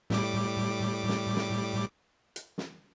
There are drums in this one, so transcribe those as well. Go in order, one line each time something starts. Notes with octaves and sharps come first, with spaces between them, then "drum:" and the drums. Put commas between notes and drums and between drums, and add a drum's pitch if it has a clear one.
A2 G3 D6, drum: snare
drum: snare
drum: snare
drum: hi-hat
drum: snare